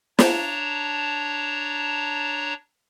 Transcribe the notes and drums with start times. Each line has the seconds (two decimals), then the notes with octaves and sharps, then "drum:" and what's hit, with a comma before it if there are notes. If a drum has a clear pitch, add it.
0.19 D4 C#5 A5 A#5, drum: snare